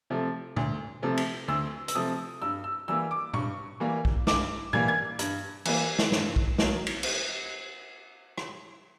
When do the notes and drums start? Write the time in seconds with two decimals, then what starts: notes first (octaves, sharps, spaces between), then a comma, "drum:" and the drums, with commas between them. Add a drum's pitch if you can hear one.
0.10 C3 F3 A3
0.56 D2, drum: tom A#2
1.02 C3 F3 A3
1.17 drum: cymbal
1.48 D2 E6
1.88 E6, drum: hi-hat
1.95 C3 F3 A3 D#6
2.42 G2 E6
2.64 E6
2.88 E3 G3 A#3 E6
3.11 D6
3.34 G2 C#6, drum: tom A#2
3.80 E3 G3 A#3
4.05 drum: kick B1
4.27 G2 D6, drum: snare
4.73 E3 G3 A#3 G#6, drum: tom A#2
4.88 G#6
5.19 G2, drum: hi-hat
5.65 E3 G3 A#3, drum: cymbal
5.99 drum: snare
6.12 G2, drum: snare
6.36 drum: kick B1
6.58 D#3 F#3 A#3, drum: snare
6.87 drum: cymbal
7.03 drum: cymbal
8.38 drum: rim click